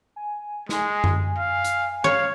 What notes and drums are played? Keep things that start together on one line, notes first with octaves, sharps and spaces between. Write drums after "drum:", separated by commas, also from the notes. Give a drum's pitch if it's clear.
G#5
G#3, drum: snare
drum: tom F#2
F5
drum: hi-hat
C#5 F5